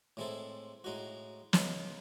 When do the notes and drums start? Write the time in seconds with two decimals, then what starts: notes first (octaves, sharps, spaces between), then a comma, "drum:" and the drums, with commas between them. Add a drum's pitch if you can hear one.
0.17 A2 G#3 C4 E4 A4
0.84 A2 G#3 D#4 F#4
1.53 C#3 G#3 D#4, drum: snare